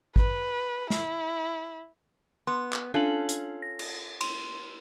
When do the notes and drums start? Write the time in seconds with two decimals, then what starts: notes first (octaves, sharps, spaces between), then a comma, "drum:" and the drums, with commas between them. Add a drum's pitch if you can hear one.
0.16 B4, drum: kick G#1
0.90 E4, drum: snare
2.47 B3 C6
2.73 drum: clap
2.94 C#4 D4 F4 A4 F#7
3.29 drum: hi-hat
3.62 A#6
3.79 drum: cymbal
4.21 C6, drum: cymbal